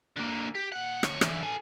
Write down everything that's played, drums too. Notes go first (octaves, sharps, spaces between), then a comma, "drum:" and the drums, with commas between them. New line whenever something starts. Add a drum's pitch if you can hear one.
D3 A#3
G4
A#2 F#5
D2 C#5, drum: rim click
D3 E3, drum: rim click
A4 G#5